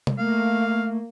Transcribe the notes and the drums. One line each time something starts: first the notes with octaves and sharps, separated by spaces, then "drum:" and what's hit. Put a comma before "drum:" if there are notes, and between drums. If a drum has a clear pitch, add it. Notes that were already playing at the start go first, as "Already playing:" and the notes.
drum: tom
A3 A#3 F5